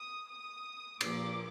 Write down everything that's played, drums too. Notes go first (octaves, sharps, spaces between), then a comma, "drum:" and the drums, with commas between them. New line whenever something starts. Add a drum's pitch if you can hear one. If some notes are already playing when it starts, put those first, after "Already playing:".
Already playing: D#6
D#6
A#2 F3 A#3 D6, drum: cymbal